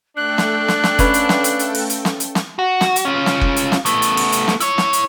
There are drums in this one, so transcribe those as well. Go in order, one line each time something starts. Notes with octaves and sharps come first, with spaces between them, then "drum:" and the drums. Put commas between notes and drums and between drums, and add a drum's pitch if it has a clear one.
A3 D4 A4 G5 F#6
drum: snare
drum: snare
drum: snare
C#4 B4 F5, drum: kick F#1, hi-hat
drum: hi-hat
drum: snare
drum: hi-hat
drum: hi-hat
drum: open hi-hat
drum: hi-hat
drum: snare
drum: hi-hat
drum: snare
F#4
drum: snare
drum: hi-hat
C#4 F4
drum: snare
drum: kick F#1
drum: hi-hat
drum: snare
A3 B3, drum: hi-hat
drum: hi-hat
drum: open hi-hat
drum: hi-hat
drum: snare
E4 C#5, drum: hi-hat
drum: snare
drum: hi-hat